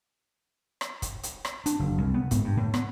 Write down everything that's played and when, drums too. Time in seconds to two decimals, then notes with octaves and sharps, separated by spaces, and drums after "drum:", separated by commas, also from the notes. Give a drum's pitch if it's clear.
0.81 drum: rim click
1.02 drum: kick, hi-hat
1.23 drum: hi-hat
1.45 drum: rim click
1.66 D4, drum: hi-hat
1.79 F#1
1.98 C2
2.14 B3
2.31 G#2, drum: kick, hi-hat
2.44 G2
2.57 A2
2.74 B3, drum: rim click